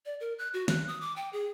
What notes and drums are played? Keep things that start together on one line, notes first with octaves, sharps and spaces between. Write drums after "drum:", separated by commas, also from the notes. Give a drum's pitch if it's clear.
D5
A#4
F#6
F#4
F#6, drum: snare
D#6
D6
G5
G#4